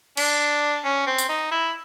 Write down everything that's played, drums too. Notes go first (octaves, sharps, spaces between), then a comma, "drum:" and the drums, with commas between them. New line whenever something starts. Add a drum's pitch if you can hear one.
D4, drum: cymbal
C#4
C4
drum: tambourine
D#4
E4